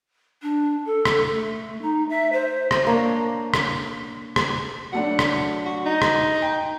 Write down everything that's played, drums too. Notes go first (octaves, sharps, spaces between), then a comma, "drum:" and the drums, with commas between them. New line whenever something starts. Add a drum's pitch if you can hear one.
D4
A4
drum: rim click
A3
D#4
E5
C5
drum: rim click
A#3 D4 C#5
drum: rim click
drum: rim click
F#3 A3 D4 F#5
drum: rim click
F#4
D#4
drum: rim click
G5